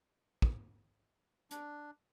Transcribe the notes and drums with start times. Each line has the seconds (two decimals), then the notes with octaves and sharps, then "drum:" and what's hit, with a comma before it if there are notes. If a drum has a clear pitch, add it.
0.42 drum: kick
1.51 D4, drum: hi-hat